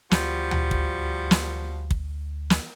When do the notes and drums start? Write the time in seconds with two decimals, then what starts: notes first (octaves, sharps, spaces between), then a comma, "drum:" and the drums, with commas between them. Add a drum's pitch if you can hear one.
0.11 D2 F3 G3 F#4, drum: snare
0.51 drum: tom D2
0.71 drum: kick
1.31 drum: snare
1.91 drum: kick
2.50 drum: snare